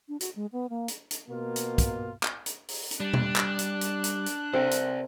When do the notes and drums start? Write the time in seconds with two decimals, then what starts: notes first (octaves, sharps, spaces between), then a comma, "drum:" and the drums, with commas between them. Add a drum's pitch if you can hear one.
0.09 D4
0.20 F#4, drum: hi-hat
0.36 G#3
0.53 B3
0.69 A#3
0.88 drum: hi-hat
1.11 drum: hi-hat
1.29 B2 A#3 F4
1.56 drum: hi-hat
1.78 drum: kick, hi-hat
2.23 drum: clap
2.46 drum: hi-hat
2.68 drum: open hi-hat
2.91 drum: hi-hat
3.00 G3 D4 F#6
3.13 drum: tom B2
3.36 drum: clap
3.59 drum: hi-hat
3.81 drum: hi-hat
4.04 drum: hi-hat
4.26 drum: hi-hat
4.53 C3 A4 A#4 C5 D5 G5
4.71 drum: hi-hat